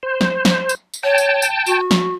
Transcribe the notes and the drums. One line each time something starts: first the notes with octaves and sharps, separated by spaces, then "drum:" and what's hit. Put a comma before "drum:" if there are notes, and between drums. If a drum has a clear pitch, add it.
C5
drum: snare
drum: snare
drum: tambourine
drum: tambourine
C#5 G5 A5
drum: tambourine
drum: tambourine
F#4, drum: tambourine
drum: snare